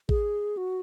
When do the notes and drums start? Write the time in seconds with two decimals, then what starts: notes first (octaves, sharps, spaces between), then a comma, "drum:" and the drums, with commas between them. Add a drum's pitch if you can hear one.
0.09 G#4, drum: kick A1
0.57 F#4